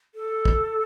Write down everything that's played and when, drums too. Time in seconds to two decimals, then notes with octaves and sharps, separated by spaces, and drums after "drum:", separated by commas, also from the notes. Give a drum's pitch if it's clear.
0.15 A4
0.45 drum: kick